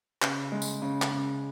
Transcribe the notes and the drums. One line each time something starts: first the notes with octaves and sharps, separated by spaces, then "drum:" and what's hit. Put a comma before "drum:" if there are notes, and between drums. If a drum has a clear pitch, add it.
C#3, drum: clap
G#3
drum: tambourine
C#3
drum: clap
C#3